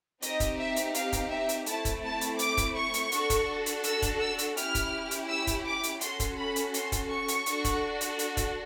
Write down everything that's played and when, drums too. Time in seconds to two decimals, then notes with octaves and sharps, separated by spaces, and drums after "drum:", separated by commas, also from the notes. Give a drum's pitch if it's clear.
0.22 C4 D#4 G4 D#5, drum: hi-hat
0.40 drum: kick, hi-hat
0.58 E5
0.76 drum: hi-hat
0.94 F5, drum: hi-hat
1.13 drum: kick, hi-hat
1.30 E5
1.49 drum: hi-hat
1.66 A3 C4 E4 A5, drum: hi-hat
1.85 drum: kick, hi-hat
2.03 A5
2.21 drum: hi-hat
2.39 D6, drum: hi-hat
2.57 drum: kick, hi-hat
2.75 C#6
2.94 drum: hi-hat
3.12 D4 F#4 A4, drum: hi-hat
3.30 drum: kick, hi-hat
3.66 drum: hi-hat
3.84 E6, drum: hi-hat
4.02 drum: kick, hi-hat
4.20 E6
4.39 drum: hi-hat
4.57 C#4 E4 G4 F6, drum: hi-hat
4.75 drum: kick, hi-hat
5.11 drum: hi-hat
5.28 E6
5.47 drum: kick, hi-hat
5.66 D6
5.83 drum: hi-hat
6.01 C#4 F#4 A4 C6, drum: hi-hat
6.20 drum: kick, hi-hat
6.37 B5
6.56 drum: hi-hat
6.74 C6, drum: hi-hat
6.92 drum: kick, hi-hat
7.10 C#6
7.28 drum: hi-hat
7.46 D4 F#4 A4, drum: hi-hat
7.64 drum: kick, hi-hat
8.01 drum: hi-hat
8.19 drum: hi-hat
8.37 drum: kick, hi-hat